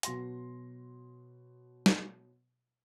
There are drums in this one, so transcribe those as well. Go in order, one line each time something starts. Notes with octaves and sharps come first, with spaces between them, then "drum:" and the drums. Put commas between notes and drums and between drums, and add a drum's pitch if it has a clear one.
B2 F#3 C6 A#6, drum: hi-hat
drum: snare